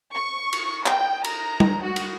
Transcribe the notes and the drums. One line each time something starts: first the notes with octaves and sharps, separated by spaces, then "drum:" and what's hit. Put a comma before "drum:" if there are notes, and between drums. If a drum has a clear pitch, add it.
C#6
drum: cymbal
G5, drum: clap
A#5, drum: cymbal
drum: tom G3
F#4
drum: cymbal